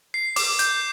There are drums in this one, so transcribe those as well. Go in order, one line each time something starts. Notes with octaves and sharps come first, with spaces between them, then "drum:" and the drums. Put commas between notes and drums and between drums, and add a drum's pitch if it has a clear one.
C7
D6, drum: open hi-hat
G6, drum: hi-hat